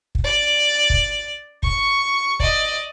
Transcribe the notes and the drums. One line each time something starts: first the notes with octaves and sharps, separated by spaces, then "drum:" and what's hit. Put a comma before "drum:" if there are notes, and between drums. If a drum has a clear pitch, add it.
drum: kick
D5
drum: kick
C#6, drum: kick
D5 D#5, drum: kick